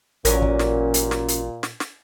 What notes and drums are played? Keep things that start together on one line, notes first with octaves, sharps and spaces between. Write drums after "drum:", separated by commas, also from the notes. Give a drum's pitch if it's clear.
A1 A#2 F#3 C#4 A#4, drum: hi-hat
drum: kick
drum: snare
drum: hi-hat
drum: snare
drum: hi-hat
drum: snare
drum: snare